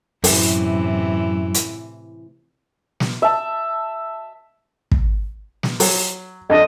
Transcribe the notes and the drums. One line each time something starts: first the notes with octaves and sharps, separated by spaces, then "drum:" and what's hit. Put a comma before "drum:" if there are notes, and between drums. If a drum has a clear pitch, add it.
F#2 A2 C3 E3, drum: open hi-hat
drum: hi-hat
drum: snare
E5 A5
drum: kick
drum: snare
F#3, drum: open hi-hat
F2 D4 A4 D#5